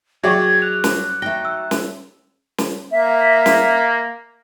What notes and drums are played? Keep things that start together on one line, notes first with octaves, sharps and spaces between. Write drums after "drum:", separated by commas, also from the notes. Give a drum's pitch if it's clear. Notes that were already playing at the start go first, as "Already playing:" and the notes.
F#3 G#4 D5 E5 G5 C#6 G#6
F#6 F7
drum: snare
A3 D#4 G5 A#6 G7
E6
drum: snare
drum: snare
A#3 E5
drum: snare